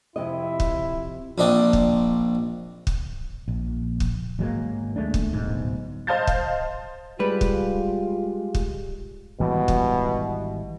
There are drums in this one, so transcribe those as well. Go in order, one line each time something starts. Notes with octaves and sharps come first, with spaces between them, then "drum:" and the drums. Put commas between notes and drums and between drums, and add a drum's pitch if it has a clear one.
F2 C3 E4 D#5
drum: kick
A#1 C4 D4 D#5
drum: kick
drum: kick
A#1
drum: kick
G#1 F#3 G#3 A#3
D#2 G#3 A3 D4
drum: kick
D1 B1 G#2
C5 D#5 F5 A5 G6 A6
drum: kick
G3 G#3 F4 B4
drum: kick
drum: kick
G#1 B2 E3 G3
drum: kick